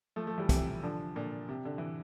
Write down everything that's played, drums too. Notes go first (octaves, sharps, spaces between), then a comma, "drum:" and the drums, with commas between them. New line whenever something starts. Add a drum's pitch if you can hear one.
F3 A3
F3 A3
E3 G3
C3 E3, drum: kick, hi-hat
D3 F3
A#2 D3
C3
D3
E3